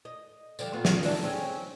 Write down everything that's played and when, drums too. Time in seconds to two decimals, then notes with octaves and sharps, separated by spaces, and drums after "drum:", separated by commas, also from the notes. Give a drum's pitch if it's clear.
0.05 D#5
0.59 D3 F3 G3, drum: tambourine
0.73 A#2 B3 F4
0.85 drum: snare
1.03 E3 D4 D#4, drum: open hi-hat
1.24 C4 C#4 G#4